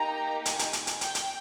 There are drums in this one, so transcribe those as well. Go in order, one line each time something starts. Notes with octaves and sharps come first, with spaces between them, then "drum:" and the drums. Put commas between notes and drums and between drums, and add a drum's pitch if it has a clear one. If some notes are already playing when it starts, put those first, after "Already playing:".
Already playing: A#3 D#4 G4 A#5
G#5, drum: hi-hat
drum: hi-hat
drum: hi-hat
drum: hi-hat
G5, drum: hi-hat
drum: hi-hat